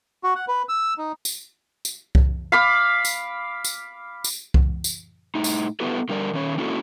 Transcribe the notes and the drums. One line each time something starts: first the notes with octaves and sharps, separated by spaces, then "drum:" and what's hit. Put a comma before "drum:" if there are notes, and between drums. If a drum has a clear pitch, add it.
F#4
F#5
B4
E6
D#4
drum: tambourine
drum: tambourine
drum: kick C2
F5 B5 D6
drum: tambourine
drum: tambourine
drum: tambourine
drum: kick C2
drum: tambourine
A2 D#4
drum: tambourine
B3 E4 F#4 G4 A4 B4
D3 G3 A#4 D5
D#3 C#4 C#5
A#3 C#4 D4 E4 F#4 A4